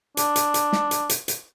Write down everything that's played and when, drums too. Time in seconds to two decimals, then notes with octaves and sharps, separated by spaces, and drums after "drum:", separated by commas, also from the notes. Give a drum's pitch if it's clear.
0.17 D4, drum: hi-hat
0.36 drum: hi-hat
0.54 drum: hi-hat
0.73 drum: snare
0.91 drum: hi-hat
1.09 drum: hi-hat
1.28 drum: hi-hat